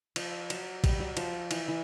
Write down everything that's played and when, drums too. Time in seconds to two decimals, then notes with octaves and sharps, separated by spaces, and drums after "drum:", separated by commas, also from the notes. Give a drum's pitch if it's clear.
0.16 F3, drum: cymbal
0.50 F#3, drum: cymbal
0.84 G3, drum: kick, cymbal
1.00 F#3
1.17 F3, drum: cymbal
1.51 E3, drum: cymbal
1.68 E3